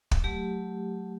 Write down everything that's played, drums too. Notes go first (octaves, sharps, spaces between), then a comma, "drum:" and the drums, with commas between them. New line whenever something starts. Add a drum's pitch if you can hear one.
drum: kick
F#3 A3 G4